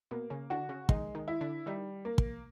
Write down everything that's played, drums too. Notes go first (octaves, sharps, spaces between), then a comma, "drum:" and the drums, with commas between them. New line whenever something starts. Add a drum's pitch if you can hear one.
B2 A#3 B3
C#3 C#4
D3 D4 F#4
C#3 C#4
D#3 G#3 D#4, drum: kick
D#3 D#4
E4
D3 D4
D#3 G3 D#4
A#3
drum: kick